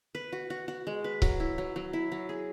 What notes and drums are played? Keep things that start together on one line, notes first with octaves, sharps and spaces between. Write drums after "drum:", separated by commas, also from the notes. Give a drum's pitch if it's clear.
B4
F#4
F#4
F#4
G#3
B4
F#3, drum: kick C#1
E4
F#3
F#3
E4
F#3
G#4